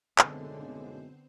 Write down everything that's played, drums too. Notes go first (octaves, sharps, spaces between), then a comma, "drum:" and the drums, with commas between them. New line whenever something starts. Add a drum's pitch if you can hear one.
B1 F#2 A2 D3 G#3 B3 C4 C5, drum: clap